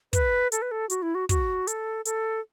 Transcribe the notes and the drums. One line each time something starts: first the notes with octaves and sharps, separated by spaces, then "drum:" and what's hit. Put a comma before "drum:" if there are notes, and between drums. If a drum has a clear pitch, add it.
B4, drum: kick, hi-hat
A4, drum: hi-hat
B4
A4
F#4, drum: hi-hat
E4
F#4
F#4, drum: kick, hi-hat
A4, drum: hi-hat
A4, drum: hi-hat